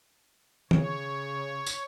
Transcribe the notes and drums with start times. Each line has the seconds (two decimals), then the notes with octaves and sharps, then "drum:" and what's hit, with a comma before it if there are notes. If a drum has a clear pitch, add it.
0.71 C#3 C#5, drum: tom
1.66 drum: tambourine